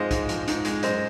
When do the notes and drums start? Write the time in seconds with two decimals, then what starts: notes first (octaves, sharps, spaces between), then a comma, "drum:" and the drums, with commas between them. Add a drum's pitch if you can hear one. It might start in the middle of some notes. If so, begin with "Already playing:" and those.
Already playing: G#2 F3 G#3 C5 D#5 F5
0.11 G#2, drum: kick, hi-hat
0.29 F3, drum: hi-hat
0.48 G#2, drum: hi-hat
0.65 G#3, drum: hi-hat
0.83 F#2 C5 D#5, drum: hi-hat